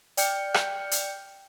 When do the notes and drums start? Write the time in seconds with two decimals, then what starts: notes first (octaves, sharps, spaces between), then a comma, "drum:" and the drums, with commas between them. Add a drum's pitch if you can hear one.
0.17 D5 G5 F6 G6 C#7, drum: hi-hat
0.54 drum: rim click
0.91 drum: hi-hat